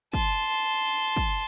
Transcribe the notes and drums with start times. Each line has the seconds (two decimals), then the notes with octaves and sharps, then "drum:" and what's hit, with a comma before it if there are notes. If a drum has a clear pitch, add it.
0.14 A5 C6, drum: kick
1.16 drum: kick